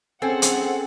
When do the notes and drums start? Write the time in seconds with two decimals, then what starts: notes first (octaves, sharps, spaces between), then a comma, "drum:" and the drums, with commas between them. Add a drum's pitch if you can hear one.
0.22 C4 C#4 G#4 A4 F#5 G#5
0.42 drum: hi-hat